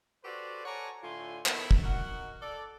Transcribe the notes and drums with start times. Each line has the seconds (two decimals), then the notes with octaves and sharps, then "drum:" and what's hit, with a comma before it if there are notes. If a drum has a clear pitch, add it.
0.24 F#4 G4 A4 B4 C5 D5
0.66 A4 C#5 D5 F#5 G#5 A#5
1.03 A2 D3 A3 F4 G#5 C6
1.46 A2 D#3 A3 B3 E4, drum: clap
1.71 drum: kick
1.84 D#4 F#4 A#4 F#5
2.42 A4 D5